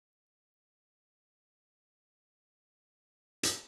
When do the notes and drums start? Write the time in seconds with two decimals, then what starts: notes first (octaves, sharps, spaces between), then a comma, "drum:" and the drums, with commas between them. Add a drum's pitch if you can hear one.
0.02 C#3 F#3
1.58 C#6 D6 A6
3.43 drum: hi-hat